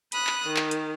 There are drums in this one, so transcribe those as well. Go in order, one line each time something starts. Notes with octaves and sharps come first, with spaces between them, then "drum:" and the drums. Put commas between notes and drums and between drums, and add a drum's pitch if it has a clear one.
B5 D#6 F#6, drum: hi-hat
drum: clap
D#3
drum: clap
drum: hi-hat